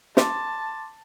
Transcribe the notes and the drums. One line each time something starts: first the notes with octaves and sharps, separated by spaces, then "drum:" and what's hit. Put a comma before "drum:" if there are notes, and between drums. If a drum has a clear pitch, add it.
A5 C6 D6, drum: snare